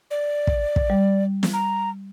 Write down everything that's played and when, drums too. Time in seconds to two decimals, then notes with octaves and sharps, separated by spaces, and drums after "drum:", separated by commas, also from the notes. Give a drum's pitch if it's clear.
0.11 D5
0.47 drum: kick
0.76 drum: kick
0.90 G3
1.43 drum: snare
1.53 A#5